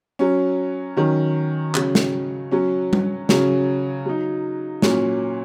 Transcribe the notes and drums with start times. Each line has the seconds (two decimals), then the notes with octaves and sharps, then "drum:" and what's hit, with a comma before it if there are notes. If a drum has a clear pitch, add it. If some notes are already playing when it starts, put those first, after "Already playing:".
0.19 F#3 C#4
0.97 D#3 F#3 C#4
1.75 C#3 F#3 C#4, drum: clap
1.95 drum: snare
2.51 F#3 C#4
2.93 drum: tom G3
3.29 C#3 F#3 C#4, drum: snare
4.06 F#3 D#4
4.82 A#2 F#3 C#4, drum: snare